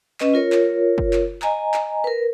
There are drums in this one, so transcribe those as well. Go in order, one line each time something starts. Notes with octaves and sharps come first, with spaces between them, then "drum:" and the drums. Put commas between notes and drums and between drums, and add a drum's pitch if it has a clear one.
C#4 B4 D#5, drum: clap
F4 A#4 C#5
drum: clap
drum: kick F#1
drum: clap
D#5 G#5 A#5, drum: clap
drum: clap
A#4 B4